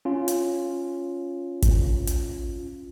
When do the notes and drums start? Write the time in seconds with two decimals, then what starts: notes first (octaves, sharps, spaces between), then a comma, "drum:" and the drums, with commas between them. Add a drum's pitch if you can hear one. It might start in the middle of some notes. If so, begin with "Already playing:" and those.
0.05 C#4 F4
0.28 drum: hi-hat
1.62 drum: kick, hi-hat
2.07 drum: hi-hat